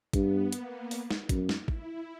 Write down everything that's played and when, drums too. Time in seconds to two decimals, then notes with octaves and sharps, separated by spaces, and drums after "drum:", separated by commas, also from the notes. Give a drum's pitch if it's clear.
0.13 G2 B3, drum: kick, hi-hat
0.52 A#3, drum: hi-hat
0.91 drum: open hi-hat
1.11 drum: snare
1.29 F#2, drum: kick, hi-hat
1.49 drum: snare
1.68 E4, drum: kick